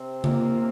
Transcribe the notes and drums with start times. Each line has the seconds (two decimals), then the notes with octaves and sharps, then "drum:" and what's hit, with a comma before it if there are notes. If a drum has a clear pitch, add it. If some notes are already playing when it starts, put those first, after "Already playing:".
Already playing: C3 C4
0.24 A#3, drum: tom C#3